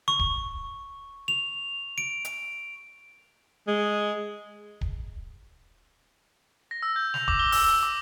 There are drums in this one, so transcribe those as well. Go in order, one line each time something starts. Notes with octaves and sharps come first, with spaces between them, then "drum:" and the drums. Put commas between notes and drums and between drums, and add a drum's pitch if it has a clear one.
C#6
drum: kick D1
F7
D7
drum: hi-hat
G#3
drum: kick D1
A#6
E6
G6
F7, drum: snare
D6, drum: kick D1
G7
E6, drum: open hi-hat
E6
D6